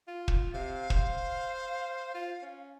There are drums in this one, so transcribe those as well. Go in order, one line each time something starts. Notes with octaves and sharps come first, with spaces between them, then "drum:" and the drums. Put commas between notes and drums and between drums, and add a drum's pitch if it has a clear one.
F4
drum: kick
C3 F5
C5, drum: kick
F4
C#4